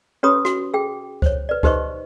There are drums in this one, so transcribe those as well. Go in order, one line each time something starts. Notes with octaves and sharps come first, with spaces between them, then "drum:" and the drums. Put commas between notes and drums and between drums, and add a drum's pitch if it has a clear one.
C#4 G4 B4 C#5 B5 D#6
F#4, drum: rim click
G#4 G5
C5 C#5, drum: kick C#2
B4 D5
D#4 G4 B4 C5 D#5 C#6, drum: kick C#2